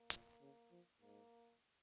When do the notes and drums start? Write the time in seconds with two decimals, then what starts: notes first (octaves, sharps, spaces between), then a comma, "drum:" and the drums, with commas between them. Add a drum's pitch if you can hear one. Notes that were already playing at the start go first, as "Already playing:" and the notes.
Already playing: A#3
0.10 A#2, drum: hi-hat
0.41 C#3
0.71 F3
1.02 G#2 A#3